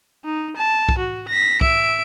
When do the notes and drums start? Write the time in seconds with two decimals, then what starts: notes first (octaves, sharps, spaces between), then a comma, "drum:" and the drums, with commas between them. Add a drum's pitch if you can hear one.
0.25 D#4
0.56 A5
0.89 drum: kick B1
0.98 F#4
1.29 A#6 B6
1.61 E5 D7, drum: kick B1